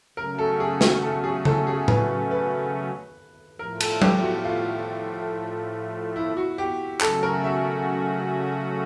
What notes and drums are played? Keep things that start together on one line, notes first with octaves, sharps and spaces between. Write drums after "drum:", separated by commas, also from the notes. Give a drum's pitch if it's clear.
C#3 F#3 A3 C#4 A#4
A4
G#4
F#4, drum: snare
A4
G#4
A4, drum: tom C#3
G#4
B4, drum: tom A2
B4
A2 F3 A3 A#4
A4, drum: cymbal
G4, drum: tom F#3
F#4
F4
E4
F#4
G4
C#3 F#3 A3 C#4 F#4 A4, drum: clap
A#4
E5